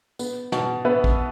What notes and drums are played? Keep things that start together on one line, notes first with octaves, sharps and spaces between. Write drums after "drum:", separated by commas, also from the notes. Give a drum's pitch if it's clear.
B3, drum: tambourine
B2, drum: snare
B3 B4 E5
drum: kick